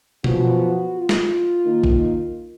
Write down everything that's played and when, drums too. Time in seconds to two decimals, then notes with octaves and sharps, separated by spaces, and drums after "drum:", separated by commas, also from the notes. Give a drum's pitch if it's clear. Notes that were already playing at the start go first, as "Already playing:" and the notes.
0.24 F#2 F3 B3 F#4, drum: tom B2
0.96 F4
1.09 drum: snare
1.65 D#3 A#3 D#4
1.84 drum: kick A1